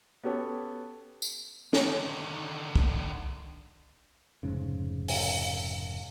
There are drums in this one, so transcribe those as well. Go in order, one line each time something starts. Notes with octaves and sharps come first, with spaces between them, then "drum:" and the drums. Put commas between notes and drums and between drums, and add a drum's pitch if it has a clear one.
B3 C#4 G4 A4 C#5
drum: tambourine
D3 D#3, drum: snare
drum: kick
F1 A#1 G#2 C#3
drum: open hi-hat